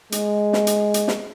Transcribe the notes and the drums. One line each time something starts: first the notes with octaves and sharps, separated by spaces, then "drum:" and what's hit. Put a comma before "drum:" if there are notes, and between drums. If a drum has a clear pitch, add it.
G#3, drum: hi-hat
drum: snare
drum: hi-hat
drum: hi-hat
drum: snare